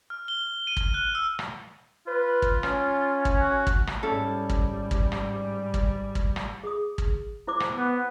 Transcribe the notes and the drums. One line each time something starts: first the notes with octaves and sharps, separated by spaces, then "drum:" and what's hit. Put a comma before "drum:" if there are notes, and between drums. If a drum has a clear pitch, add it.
F6
G7
D#7
drum: kick
F#6
E6
drum: rim click
F4 B4
drum: kick
C#4, drum: rim click
drum: kick
F#4
drum: kick
drum: rim click
G#2 G3 C#4 E4 A4
drum: kick
drum: kick
drum: rim click
drum: kick
drum: kick
drum: rim click
G#4 D#6
drum: kick
E4 C5 D6
drum: rim click
B3 D6